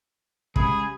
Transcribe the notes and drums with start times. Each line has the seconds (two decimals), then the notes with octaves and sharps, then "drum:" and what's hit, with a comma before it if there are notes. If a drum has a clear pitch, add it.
0.56 C#3 G3 G#3 G#4 B5, drum: kick